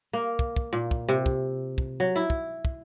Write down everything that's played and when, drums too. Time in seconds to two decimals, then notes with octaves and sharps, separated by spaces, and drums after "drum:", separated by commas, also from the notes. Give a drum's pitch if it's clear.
0.13 A#3
0.39 drum: kick
0.57 drum: kick
0.73 A#2
0.91 drum: kick
1.09 C3
1.26 drum: kick
1.78 drum: kick
2.00 F#3
2.16 E4
2.30 drum: kick
2.65 drum: kick